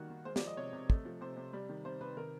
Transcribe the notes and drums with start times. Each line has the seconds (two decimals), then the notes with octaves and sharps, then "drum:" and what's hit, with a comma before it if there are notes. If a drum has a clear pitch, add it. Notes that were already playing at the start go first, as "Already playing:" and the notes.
Already playing: D#3 G3 A#3 F#4
0.10 D#3
0.25 G#3 C5
0.36 D5, drum: snare
0.41 F3
0.47 D#5
0.57 C3 C#5
0.73 C3
0.90 A3, drum: kick
1.05 F3
1.21 C3 C5
1.36 C3
1.53 G3
1.69 D#3
1.85 C3 C5
2.01 C3 B4
2.17 D#3 A#4